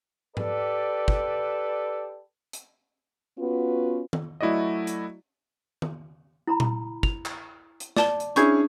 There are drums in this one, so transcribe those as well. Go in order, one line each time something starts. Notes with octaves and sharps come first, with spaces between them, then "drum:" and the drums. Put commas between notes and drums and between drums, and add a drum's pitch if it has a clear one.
G4 A4 B4 D5, drum: tom G#2
drum: kick
drum: hi-hat
B3 C#4 F4 F#4 B4
drum: tom D#3
F#3 A3 E4 F#4 D5 D#5
drum: hi-hat
drum: tom D#3
E4 A#5 B5
drum: tom A#2
F7, drum: kick
drum: clap
drum: hi-hat
D5 A5 D6 G7, drum: snare
drum: hi-hat
C#4 D4 E4 G#4 C#6 G6 G#6, drum: hi-hat